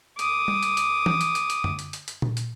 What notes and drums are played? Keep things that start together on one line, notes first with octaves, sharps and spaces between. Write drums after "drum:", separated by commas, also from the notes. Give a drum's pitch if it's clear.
D6 D#6, drum: hi-hat
drum: tom G3
drum: hi-hat
drum: hi-hat
drum: tom E3
drum: hi-hat
drum: hi-hat
drum: hi-hat
drum: tom F#2
drum: hi-hat
drum: hi-hat
drum: hi-hat
drum: tom A#2
drum: hi-hat